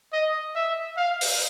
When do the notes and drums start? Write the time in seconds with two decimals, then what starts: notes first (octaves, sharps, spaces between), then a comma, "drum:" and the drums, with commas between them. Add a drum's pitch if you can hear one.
0.13 D#5
0.55 E5
0.97 F5
1.21 drum: open hi-hat